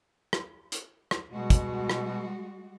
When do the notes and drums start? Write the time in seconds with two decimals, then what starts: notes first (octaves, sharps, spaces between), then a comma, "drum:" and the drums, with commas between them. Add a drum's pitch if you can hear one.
0.33 drum: rim click
0.72 drum: hi-hat
1.11 drum: rim click
1.31 B2 G3 G#3 F#4
1.50 drum: kick, hi-hat
1.90 drum: rim click